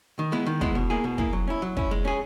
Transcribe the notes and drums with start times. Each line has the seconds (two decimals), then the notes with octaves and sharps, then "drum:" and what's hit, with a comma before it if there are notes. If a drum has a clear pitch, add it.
0.19 D#3
0.32 G#3 B3 E4
0.46 D#3
0.61 G#3 B3 E4, drum: kick
0.75 B2
0.90 A#3 E4 G#4
1.04 B2
1.18 A#3 E4 G#4, drum: kick
1.33 F#3
1.47 C#4 E4
1.62 F#3
1.77 C#4 E4, drum: kick
1.91 G#3
2.05 C#4 G#4